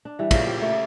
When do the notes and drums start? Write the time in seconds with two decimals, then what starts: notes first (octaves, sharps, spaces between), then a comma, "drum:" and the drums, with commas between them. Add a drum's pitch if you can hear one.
0.05 D4
0.19 E3 G3
0.31 A#2 C#3 F3, drum: kick, cymbal
0.47 G4 G5
0.62 A3